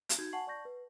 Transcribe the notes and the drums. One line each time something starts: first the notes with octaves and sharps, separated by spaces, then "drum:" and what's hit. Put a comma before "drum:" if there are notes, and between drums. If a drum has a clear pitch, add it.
drum: hi-hat
D#4 F#4 G6 G#6
F#5 G#5 A5 C#6 C7 F#7
D5 A5 C#6 G6 A#6
B4